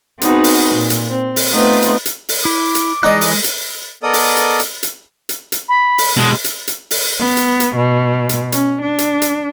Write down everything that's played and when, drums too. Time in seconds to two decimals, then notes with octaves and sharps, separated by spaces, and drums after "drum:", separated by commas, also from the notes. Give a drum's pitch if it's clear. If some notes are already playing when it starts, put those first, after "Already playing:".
0.21 B3 C4 D#4 F#4 G#4 B4, drum: hi-hat
0.44 drum: open hi-hat
0.75 A#2
0.90 drum: hi-hat
1.09 C4
1.36 drum: open hi-hat
1.52 A3 B3 C4 D#4 F4 B4
1.82 drum: hi-hat
2.06 drum: hi-hat
2.29 drum: open hi-hat
2.45 E4 D6
2.75 drum: hi-hat
3.03 E3 G#3 D#4 D5 D#5 G#5 F#6
3.21 drum: open hi-hat
3.44 drum: hi-hat
4.03 B3 A4 A#4 D5 D#5 D#6
4.13 drum: open hi-hat
4.37 drum: hi-hat
4.60 drum: hi-hat
4.83 drum: hi-hat
5.29 drum: hi-hat
5.52 drum: hi-hat
5.69 B5
5.98 drum: open hi-hat
6.17 B2 G#3
6.44 drum: hi-hat
6.67 drum: hi-hat
6.91 drum: open hi-hat
7.20 B3
7.37 drum: hi-hat
7.60 drum: hi-hat
7.76 B2
8.29 drum: hi-hat
8.52 C#4, drum: hi-hat
8.82 D4
8.98 drum: hi-hat
9.22 drum: hi-hat